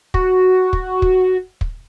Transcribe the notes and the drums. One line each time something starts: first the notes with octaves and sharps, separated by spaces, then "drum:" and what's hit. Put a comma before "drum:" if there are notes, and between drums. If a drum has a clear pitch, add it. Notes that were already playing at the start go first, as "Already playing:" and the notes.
F#4, drum: kick
drum: kick
drum: kick
drum: kick